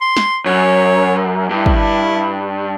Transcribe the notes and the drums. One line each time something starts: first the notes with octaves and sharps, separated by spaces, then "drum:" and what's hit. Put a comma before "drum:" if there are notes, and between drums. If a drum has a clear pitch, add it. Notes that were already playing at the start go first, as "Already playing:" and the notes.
C6
drum: snare
F#2 C#5
G2 E4
drum: kick